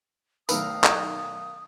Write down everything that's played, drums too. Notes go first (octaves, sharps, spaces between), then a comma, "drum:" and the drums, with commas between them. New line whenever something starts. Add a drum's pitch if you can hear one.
B1 D#3 A3 A#4 B4 F5 D#6 E6, drum: tambourine
drum: clap